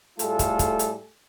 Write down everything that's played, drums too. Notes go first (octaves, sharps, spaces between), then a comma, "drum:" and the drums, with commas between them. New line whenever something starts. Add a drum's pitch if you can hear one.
A2 G3 A3 F4 G#4 A4, drum: hi-hat
drum: kick, hi-hat
drum: kick, hi-hat
drum: hi-hat